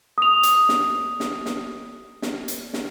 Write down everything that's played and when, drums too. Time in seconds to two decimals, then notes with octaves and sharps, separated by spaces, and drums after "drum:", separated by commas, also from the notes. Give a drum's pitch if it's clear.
0.18 D#6 F7
0.43 drum: hi-hat
0.69 drum: snare
1.20 drum: snare
1.46 drum: snare
2.22 drum: snare
2.48 drum: hi-hat
2.74 drum: snare